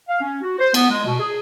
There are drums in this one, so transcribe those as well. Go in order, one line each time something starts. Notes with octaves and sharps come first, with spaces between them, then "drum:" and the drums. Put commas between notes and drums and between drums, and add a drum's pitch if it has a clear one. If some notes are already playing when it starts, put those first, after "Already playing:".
F5
C#4
F#4
C5
B3, drum: cymbal
G#3
B2
G#4